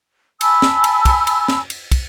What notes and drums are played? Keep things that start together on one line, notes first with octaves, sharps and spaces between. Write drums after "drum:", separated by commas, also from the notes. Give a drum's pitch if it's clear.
G#5 A5 B5 E6, drum: cymbal
drum: snare
drum: cymbal
drum: kick, cymbal
drum: cymbal
drum: snare
drum: cymbal
drum: kick, cymbal